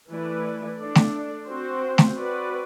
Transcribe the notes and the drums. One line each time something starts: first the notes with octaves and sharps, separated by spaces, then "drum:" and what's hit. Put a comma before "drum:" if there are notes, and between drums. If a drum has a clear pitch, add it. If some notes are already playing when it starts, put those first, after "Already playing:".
E3 A3 E4 B4 D5
A3 D4 A4 D5
drum: snare A3
C4 F#4 C5
drum: snare A3
C4 F#4 B4 D5